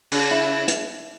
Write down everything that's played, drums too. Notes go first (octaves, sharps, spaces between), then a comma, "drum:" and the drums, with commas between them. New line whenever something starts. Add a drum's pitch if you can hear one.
C#3, drum: open hi-hat
E4
drum: hi-hat